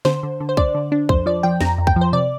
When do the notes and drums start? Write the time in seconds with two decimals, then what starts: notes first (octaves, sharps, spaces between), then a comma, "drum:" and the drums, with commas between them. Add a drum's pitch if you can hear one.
0.05 D3 C5, drum: snare
0.23 D3
0.40 D3
0.49 C5
0.57 D4 D5, drum: kick
0.75 D3
0.92 D4
1.09 F2 C5, drum: kick
1.26 F3 D5
1.43 F3 G5
1.61 F2 A#5, drum: snare
1.78 F2
1.87 G5, drum: kick
1.96 F3
2.01 C5
2.13 C3 D5